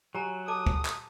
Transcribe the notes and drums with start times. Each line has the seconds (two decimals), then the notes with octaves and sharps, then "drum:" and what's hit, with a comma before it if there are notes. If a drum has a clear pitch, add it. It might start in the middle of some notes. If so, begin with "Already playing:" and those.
0.15 F#3 G4 G#5 A#5
0.48 A4 A5 D6 D#6
0.66 drum: kick
0.85 drum: clap